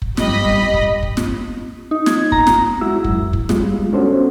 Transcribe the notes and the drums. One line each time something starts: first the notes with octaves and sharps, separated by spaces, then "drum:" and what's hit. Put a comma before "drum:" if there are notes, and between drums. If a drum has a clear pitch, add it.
drum: kick
G2 G3 D#5 B5, drum: snare
drum: kick
drum: kick
drum: kick
drum: snare
D#4
G#6, drum: snare
A#5, drum: kick
drum: snare
G#3 E4 F#4 E6
F#2, drum: kick
drum: kick
G3 G#3 F4, drum: snare
B3 C#4 D4 F#4 A4 C5